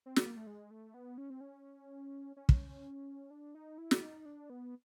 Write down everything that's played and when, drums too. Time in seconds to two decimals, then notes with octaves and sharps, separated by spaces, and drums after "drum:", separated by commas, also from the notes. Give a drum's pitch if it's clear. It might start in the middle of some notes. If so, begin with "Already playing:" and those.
0.06 C4
0.16 B3, drum: snare
0.26 A#3
0.37 A3
0.47 G#3
0.71 A3
0.94 B3
1.18 C#4
1.30 C4
1.41 C#4
2.36 C#4
2.49 drum: kick
3.31 D4
3.55 D#4
3.78 E4
3.91 drum: snare
4.02 D#4
4.25 D4
4.50 B3